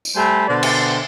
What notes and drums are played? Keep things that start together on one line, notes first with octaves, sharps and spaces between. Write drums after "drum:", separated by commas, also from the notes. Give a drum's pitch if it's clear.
drum: tambourine
G3 A3 A4 C5 G#5 B5
B2 D3 C5 D5
drum: cymbal